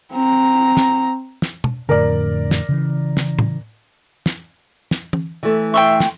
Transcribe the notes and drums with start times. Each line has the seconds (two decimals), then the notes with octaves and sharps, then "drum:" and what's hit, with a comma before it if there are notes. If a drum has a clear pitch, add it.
0.11 C4 A#5
0.77 drum: snare
1.42 drum: snare
1.64 drum: tom
1.89 F2 A2 D3 A#4 D5
2.51 drum: snare
2.69 C#3 E3
3.17 drum: snare
3.39 drum: tom
4.26 drum: snare
4.91 drum: snare
5.13 drum: tom E3
5.43 E3 A3
5.74 E5 G5 C6 C#6
6.00 drum: snare